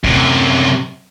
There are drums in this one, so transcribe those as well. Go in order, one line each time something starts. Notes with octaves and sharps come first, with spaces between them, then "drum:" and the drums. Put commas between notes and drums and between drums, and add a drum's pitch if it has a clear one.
F#2 C3, drum: kick D#2